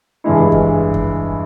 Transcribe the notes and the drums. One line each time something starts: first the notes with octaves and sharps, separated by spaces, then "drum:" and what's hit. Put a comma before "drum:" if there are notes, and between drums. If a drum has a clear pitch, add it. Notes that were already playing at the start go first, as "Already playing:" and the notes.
G2 E3 G#3 E4
drum: kick E2
drum: kick E2